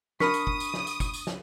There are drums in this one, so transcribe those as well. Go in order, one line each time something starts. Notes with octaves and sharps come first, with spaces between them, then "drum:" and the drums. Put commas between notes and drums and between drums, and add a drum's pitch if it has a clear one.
D4 A#4 B5 C#6 D#6 B6, drum: snare
drum: tambourine
drum: kick
drum: tambourine
drum: snare
drum: tambourine
drum: kick, tambourine
drum: tambourine
drum: snare